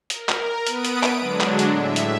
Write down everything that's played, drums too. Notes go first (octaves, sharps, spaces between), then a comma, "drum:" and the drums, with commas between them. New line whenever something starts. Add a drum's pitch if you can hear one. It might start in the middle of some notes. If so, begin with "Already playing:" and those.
A#4, drum: hi-hat
drum: clap
B3 B4 D#6 D7, drum: hi-hat
drum: hi-hat
drum: clap
D3 F#3 G#3 D4
drum: clap
drum: hi-hat
A2 E5
drum: hi-hat